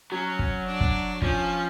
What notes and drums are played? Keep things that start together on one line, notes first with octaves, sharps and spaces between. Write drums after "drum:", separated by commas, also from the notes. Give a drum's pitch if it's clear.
F#3 C#4
drum: kick
D4
drum: kick
F3 C#4, drum: kick